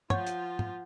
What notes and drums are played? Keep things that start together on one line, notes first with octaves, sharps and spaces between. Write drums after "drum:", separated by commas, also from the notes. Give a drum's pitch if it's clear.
F3 F4 C#5 F#5 G6, drum: tom
drum: hi-hat
drum: tom